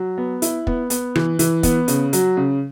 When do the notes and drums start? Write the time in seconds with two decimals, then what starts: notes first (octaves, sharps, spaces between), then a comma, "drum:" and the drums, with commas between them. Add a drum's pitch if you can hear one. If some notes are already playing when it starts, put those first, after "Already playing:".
Already playing: F#3
0.18 B3
0.42 E4, drum: hi-hat
0.67 B3, drum: kick
0.90 B3, drum: hi-hat
1.15 E3, drum: rim click
1.39 E3, drum: hi-hat
1.63 B3, drum: kick, hi-hat
1.88 C#3, drum: hi-hat
2.13 F#3, drum: hi-hat
2.37 C#3